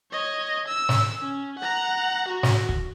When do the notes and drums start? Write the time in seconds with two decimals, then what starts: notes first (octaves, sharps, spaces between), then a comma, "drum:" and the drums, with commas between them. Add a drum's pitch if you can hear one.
0.12 C#5 D#5
0.68 E6
0.89 drum: snare
1.21 C#4
1.59 F#5 A#5
2.28 F#4
2.43 drum: snare
2.69 drum: kick